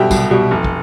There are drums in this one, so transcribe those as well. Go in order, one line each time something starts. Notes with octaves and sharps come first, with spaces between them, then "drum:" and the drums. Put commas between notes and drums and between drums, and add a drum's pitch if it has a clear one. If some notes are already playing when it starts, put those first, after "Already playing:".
Already playing: B2 G3 E5 G5
C2, drum: kick, tambourine
B2 G3
F1
drum: kick